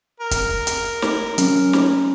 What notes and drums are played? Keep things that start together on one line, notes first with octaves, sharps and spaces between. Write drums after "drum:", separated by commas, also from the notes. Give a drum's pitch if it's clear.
A#4
drum: kick, hi-hat
drum: hi-hat
drum: snare
F#3 C#4, drum: hi-hat
drum: snare